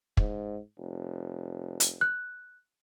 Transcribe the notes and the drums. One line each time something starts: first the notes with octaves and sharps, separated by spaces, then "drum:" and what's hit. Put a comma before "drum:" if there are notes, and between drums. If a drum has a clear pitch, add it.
G#2, drum: kick
F1
drum: hi-hat
F#6